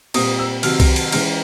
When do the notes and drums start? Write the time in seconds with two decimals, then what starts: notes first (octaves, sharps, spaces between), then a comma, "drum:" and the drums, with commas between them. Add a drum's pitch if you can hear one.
0.14 A#2 G3 C4 D#6, drum: cymbal
0.39 E6
0.63 C3 D#3 F#3 F6, drum: cymbal
0.80 drum: kick C2, cymbal
0.96 drum: cymbal
1.12 E3 G#3 C#4 F6, drum: cymbal